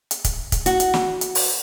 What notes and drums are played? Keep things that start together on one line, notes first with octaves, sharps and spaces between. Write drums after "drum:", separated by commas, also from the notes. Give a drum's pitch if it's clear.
drum: hi-hat
drum: kick, hi-hat
drum: kick, hi-hat
F#4, drum: hi-hat
drum: hi-hat
drum: snare
drum: hi-hat
drum: open hi-hat